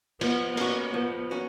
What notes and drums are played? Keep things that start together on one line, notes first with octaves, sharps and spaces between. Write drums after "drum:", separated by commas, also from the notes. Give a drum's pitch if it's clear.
F3 B3, drum: cymbal
A#3 B3 C#4 F#4, drum: cymbal
F3 B3
A#3 C#4 F#4